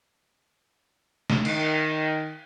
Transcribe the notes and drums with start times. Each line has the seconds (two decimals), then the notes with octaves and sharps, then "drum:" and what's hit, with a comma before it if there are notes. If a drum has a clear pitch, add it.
1.30 drum: snare
1.45 D#3, drum: cymbal